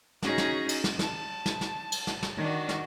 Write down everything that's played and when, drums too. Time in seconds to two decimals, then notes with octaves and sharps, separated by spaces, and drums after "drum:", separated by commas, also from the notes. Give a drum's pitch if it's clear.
0.23 C#4 D#4 F#4 G#4 A#6, drum: snare
0.38 drum: snare
0.69 drum: cymbal
0.84 drum: snare
0.99 A5, drum: snare
1.46 drum: snare
1.61 drum: snare
1.92 drum: cymbal
2.07 drum: snare
2.23 drum: snare
2.37 D#3 D4 F#4
2.69 drum: snare